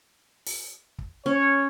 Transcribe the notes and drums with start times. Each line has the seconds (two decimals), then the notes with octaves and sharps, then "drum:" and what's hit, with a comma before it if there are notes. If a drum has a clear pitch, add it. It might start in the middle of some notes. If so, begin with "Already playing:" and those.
0.47 drum: open hi-hat
0.98 drum: kick
1.26 C#4 C#5